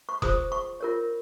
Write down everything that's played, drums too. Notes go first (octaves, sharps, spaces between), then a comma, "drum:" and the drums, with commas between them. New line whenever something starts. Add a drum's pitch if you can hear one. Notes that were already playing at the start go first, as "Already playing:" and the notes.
C#6
F4 G#4 C5 D#6, drum: kick F1
C#6
F4 A#4 C#5